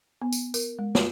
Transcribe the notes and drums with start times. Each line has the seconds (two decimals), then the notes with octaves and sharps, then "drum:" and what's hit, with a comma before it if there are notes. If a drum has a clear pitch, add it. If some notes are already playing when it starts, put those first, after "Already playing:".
0.22 B3
0.32 drum: tambourine
0.54 A#4, drum: tambourine
0.79 G#3
0.95 F4, drum: snare